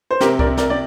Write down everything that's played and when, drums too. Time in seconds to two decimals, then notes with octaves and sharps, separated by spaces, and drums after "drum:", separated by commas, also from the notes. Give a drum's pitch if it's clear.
0.11 C5
0.20 C3 G4 A#4, drum: snare
0.39 A#4 D5, drum: kick C2
0.46 C3
0.57 A#4 D5, drum: snare
0.70 C3 D5